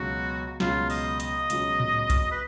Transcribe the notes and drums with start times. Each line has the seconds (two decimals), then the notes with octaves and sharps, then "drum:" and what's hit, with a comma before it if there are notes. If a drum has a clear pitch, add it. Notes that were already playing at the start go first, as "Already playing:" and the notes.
Already playing: C#2 B2 F#3 C#4 F#4
0.60 C#2 B2 F#3 C#4 F4, drum: snare
0.90 D#5, drum: open hi-hat
1.20 D#5, drum: hi-hat
1.50 C#2 B2 F#3 C#4, drum: hi-hat
1.80 drum: tom A2
2.10 drum: kick B1, hi-hat
2.31 B4